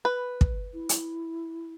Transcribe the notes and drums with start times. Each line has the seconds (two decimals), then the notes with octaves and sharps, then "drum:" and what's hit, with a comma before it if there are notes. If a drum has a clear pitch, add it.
0.05 B4
0.41 drum: kick
0.74 E4
0.89 drum: hi-hat